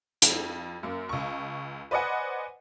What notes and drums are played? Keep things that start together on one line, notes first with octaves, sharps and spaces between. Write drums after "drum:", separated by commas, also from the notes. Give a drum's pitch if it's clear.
F2, drum: hi-hat
F#2 A#3
C#2 C#6
B4 C5 D5 D#5 F#5 G#5